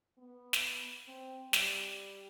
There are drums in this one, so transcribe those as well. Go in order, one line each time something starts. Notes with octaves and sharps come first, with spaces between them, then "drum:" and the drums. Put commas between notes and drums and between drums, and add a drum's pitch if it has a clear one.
B3
drum: snare
C4
G3, drum: snare